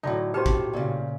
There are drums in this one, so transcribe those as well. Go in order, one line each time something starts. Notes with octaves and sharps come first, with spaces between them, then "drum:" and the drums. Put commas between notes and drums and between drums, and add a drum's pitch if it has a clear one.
A2 D3 F#3 D#4
F#4 G4 C5 A5 F6
drum: kick
A#2 C#3